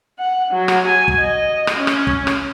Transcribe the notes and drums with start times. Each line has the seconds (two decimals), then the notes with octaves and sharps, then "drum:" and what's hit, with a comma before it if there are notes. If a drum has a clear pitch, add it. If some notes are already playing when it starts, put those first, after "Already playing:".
0.19 F#5
0.52 F#3
0.68 drum: rim click
0.88 G#5
1.08 drum: kick
1.20 D#5
1.67 drum: rim click
1.77 C#4
1.87 drum: rim click
2.07 drum: kick
2.27 drum: rim click